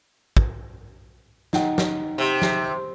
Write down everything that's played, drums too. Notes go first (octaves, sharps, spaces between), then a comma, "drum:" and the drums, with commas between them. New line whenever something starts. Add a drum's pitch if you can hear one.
drum: kick
D#4 F#5 G5, drum: snare
drum: snare
C3
drum: snare